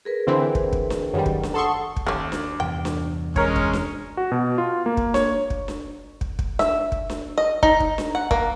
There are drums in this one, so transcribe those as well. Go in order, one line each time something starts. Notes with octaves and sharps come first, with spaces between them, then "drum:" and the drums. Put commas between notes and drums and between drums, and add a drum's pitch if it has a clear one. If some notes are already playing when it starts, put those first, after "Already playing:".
G#4 A#4 B4
D3 E3 C4
drum: kick
drum: kick
drum: snare D4
F#2 D#3 G3
drum: kick
drum: snare D4
A4 F#5 C6 C#6 D#6
drum: kick
D#2 A3 C#4
drum: snare D4
E2 G2 C3 G5
drum: snare D4
G#3 C#4 A#4 C#5, drum: kick
drum: kick
drum: snare D4
F#4
B2
F4
A#3
drum: kick
C#5, drum: snare D4
drum: kick
drum: snare D4
drum: kick
drum: kick
E5, drum: snare D4
drum: kick
drum: snare D4
D#5
D#4, drum: kick
drum: kick
drum: snare D4
F#5
A#3, drum: kick